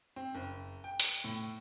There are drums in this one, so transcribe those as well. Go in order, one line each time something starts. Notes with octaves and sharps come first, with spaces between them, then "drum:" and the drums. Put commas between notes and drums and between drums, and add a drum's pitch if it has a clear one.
C4
F#1
G5
drum: hi-hat
A2